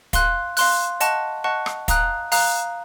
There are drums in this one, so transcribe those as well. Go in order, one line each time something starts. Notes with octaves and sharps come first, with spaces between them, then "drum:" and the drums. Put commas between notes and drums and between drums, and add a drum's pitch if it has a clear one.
F5 C6 F#6, drum: kick, hi-hat
F5 C6 F#6, drum: open hi-hat
D#5 F#5 A5 C#6 F#6, drum: hi-hat
D#5 F#5 A5 C#6 F#6
drum: rim click
F5 A#5 D#6 F#6, drum: kick, hi-hat
F5 A#5 D#6 F#6, drum: open hi-hat